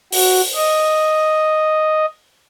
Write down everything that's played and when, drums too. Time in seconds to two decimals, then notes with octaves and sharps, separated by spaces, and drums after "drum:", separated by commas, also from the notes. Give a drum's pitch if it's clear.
0.12 F#4, drum: open hi-hat
0.55 D#5